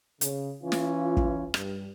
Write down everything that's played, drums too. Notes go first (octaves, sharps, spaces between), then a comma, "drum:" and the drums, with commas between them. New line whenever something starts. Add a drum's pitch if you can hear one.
C#3, drum: hi-hat
E3 C#4 F4
drum: snare
drum: kick
G2, drum: rim click